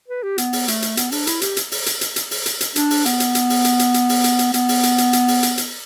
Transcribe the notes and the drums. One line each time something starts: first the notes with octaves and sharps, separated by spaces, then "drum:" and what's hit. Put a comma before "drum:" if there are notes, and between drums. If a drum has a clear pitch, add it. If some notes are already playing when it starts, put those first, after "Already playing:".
B4
G4
B3, drum: hi-hat
drum: open hi-hat
A3, drum: hi-hat
drum: hi-hat
B3, drum: hi-hat
D4, drum: open hi-hat
E4, drum: hi-hat
G4, drum: hi-hat
drum: hi-hat
drum: open hi-hat
drum: hi-hat
drum: hi-hat
drum: hi-hat
drum: open hi-hat
drum: hi-hat
drum: hi-hat
D4, drum: hi-hat
drum: open hi-hat
B3, drum: hi-hat
drum: hi-hat
drum: hi-hat
drum: open hi-hat
drum: hi-hat
drum: hi-hat
drum: hi-hat
drum: open hi-hat
drum: hi-hat
drum: hi-hat
B3, drum: hi-hat
drum: open hi-hat
drum: hi-hat
drum: hi-hat
drum: hi-hat
drum: open hi-hat
drum: hi-hat
drum: hi-hat